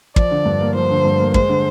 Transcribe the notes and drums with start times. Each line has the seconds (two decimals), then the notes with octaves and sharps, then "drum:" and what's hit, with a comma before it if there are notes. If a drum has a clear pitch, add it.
0.16 F3 D5, drum: kick
0.31 D3
0.45 G2
0.61 A#3
0.75 F3 C5
0.91 D3
1.05 G2
1.20 A#3
1.34 G#3 C5, drum: kick
1.49 D3